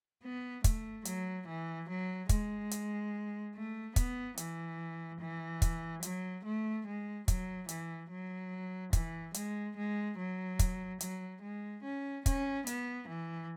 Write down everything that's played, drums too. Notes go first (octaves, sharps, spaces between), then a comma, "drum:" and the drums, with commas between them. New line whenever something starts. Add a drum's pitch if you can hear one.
B3
A3, drum: kick, hi-hat
F#3, drum: hi-hat
E3
F#3
G#3, drum: kick, hi-hat
drum: hi-hat
A3
B3, drum: kick, hi-hat
E3, drum: hi-hat
E3
drum: kick, hi-hat
F#3, drum: hi-hat
A3
G#3
F#3, drum: kick, hi-hat
E3, drum: hi-hat
F#3
E3, drum: kick, hi-hat
G#3, drum: hi-hat
G#3
F#3
drum: kick, hi-hat
F#3, drum: hi-hat
G#3
C#4
C#4, drum: kick, hi-hat
B3, drum: hi-hat
E3